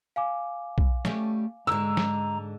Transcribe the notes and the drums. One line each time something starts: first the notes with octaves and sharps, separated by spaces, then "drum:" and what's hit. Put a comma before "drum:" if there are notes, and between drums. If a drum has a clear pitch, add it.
F5 G#5 D6
drum: kick B1
G3 A3 C#4, drum: snare
G#2 D3 G#3 A#5 E6
drum: snare